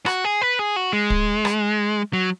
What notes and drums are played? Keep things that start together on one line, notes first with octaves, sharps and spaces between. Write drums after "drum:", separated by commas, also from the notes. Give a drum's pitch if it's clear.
F#4, drum: rim click
G#4
B4
G#4
F#4
G#3
drum: kick
drum: rim click
F#3